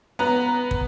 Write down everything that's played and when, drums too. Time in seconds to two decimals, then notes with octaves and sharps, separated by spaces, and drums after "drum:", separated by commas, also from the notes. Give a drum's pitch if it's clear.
0.19 B3 A#5
0.71 drum: kick